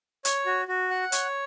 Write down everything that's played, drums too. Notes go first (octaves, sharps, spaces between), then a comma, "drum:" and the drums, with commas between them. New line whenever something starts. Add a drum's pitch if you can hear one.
C#5, drum: hi-hat
F#4
F#4
F#5
C#5, drum: hi-hat